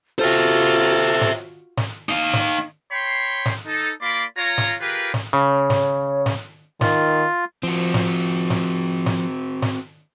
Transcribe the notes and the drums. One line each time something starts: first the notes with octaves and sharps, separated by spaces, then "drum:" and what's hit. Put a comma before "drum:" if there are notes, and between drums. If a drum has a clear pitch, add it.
F4 F#4 A4 C5 E5
drum: snare
drum: snare
D#4 F5
drum: snare
C#5 G5 B5 C6
drum: snare
D#4 A4
A#3 F4 D5 B5 C6 D6
F4 C#5 A#5
drum: snare
F4 G4 G#4 A#4 B4
drum: snare
C#3 C#5
drum: snare
drum: snare
D#3 F4, drum: snare
F3 C4 F#4
drum: snare
drum: snare
drum: snare
drum: snare